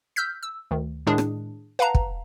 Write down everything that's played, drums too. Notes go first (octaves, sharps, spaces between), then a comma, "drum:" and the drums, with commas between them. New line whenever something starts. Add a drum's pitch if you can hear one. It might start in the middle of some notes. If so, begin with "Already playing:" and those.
E6 F6 G6 B6
E6
D2 D#3
A2 D#3 G#3 D4 G#4
drum: rim click
B4 F5 F#5 A5 A#5
drum: kick